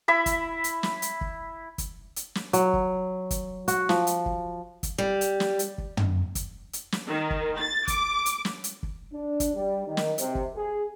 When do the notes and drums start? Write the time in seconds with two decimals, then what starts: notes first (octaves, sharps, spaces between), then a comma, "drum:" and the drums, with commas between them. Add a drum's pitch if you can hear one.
0.08 E4 E5 B5
0.26 drum: kick, hi-hat
0.64 drum: hi-hat
0.83 drum: snare
1.02 drum: hi-hat
1.21 drum: kick
1.78 drum: kick, hi-hat
2.16 drum: hi-hat
2.35 drum: snare
2.53 F#3, drum: hi-hat
2.73 drum: kick
3.31 drum: kick, hi-hat
3.68 F#4, drum: hi-hat
3.89 F3, drum: snare
4.07 drum: hi-hat
4.26 drum: kick
4.83 drum: kick, hi-hat
4.98 G3
5.21 drum: hi-hat
5.40 drum: snare
5.59 drum: hi-hat
5.78 drum: kick
5.97 drum: tom
6.35 drum: kick, hi-hat
6.73 drum: hi-hat
6.92 drum: snare
7.07 D#3
7.30 drum: kick
7.58 A6
7.88 D6, drum: kick, hi-hat
8.26 drum: hi-hat
8.45 drum: snare
8.64 drum: hi-hat
8.83 drum: kick
9.12 D4
9.40 drum: kick, hi-hat
9.53 G3
9.86 D#3
9.97 drum: snare
10.18 C3, drum: hi-hat
10.35 drum: kick
10.55 G#4